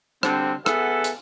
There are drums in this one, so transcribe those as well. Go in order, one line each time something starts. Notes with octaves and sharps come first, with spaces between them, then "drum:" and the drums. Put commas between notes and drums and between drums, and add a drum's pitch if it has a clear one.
D3 G3 C4, drum: rim click
B3 G#4 A4 E5 F#5, drum: rim click
drum: hi-hat